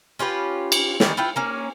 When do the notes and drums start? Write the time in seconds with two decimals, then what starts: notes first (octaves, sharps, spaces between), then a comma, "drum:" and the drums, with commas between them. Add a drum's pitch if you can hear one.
0.19 C#4 F4 G4 B4
0.72 drum: cymbal
1.00 D#3 E3 G3 D#5, drum: snare
1.17 E4 F4 B4 G5
1.36 A#3 C#4